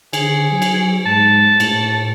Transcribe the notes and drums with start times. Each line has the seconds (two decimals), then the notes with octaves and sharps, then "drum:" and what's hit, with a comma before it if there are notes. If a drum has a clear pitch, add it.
0.13 D3 G#4, drum: cymbal
0.52 F#3
0.62 drum: cymbal
1.06 G#2 A5
1.60 A2, drum: cymbal